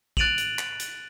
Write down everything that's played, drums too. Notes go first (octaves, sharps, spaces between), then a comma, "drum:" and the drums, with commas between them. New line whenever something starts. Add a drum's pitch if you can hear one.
F#6 A6 D7 D#7 F7 F#7, drum: kick
drum: hi-hat
drum: clap
drum: hi-hat